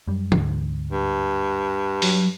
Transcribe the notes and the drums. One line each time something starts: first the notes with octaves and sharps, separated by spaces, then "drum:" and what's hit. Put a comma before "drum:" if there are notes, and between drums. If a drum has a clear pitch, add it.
F#2 G3
D2 G#2 D3, drum: tom
G2
F#3, drum: open hi-hat